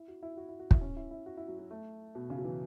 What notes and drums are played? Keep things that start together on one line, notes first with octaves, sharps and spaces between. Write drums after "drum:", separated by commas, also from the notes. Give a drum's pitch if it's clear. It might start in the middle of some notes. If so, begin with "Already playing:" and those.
Already playing: E4
F#4
E4
F#4
E4
F#4
E4, drum: kick
C#4
E4
E4
F#4
E4
F#3
F#3
A3
B2
C#3
F#3
E3